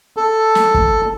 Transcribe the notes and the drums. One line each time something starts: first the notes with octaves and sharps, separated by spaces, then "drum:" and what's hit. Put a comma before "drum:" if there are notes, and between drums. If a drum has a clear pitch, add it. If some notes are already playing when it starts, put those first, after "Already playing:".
A4
drum: snare
drum: kick